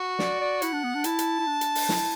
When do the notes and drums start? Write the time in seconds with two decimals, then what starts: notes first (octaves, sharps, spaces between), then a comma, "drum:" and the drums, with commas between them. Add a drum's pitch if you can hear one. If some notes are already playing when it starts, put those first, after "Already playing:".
Already playing: F#4
0.19 D5, drum: snare
0.41 D5
0.62 E4 F#5, drum: hi-hat
0.72 D4
0.84 B3
0.94 D4
1.04 E4 A5, drum: hi-hat
1.19 drum: hi-hat
1.40 E4
1.47 D4
1.61 drum: hi-hat
1.75 drum: open hi-hat
1.89 E4, drum: snare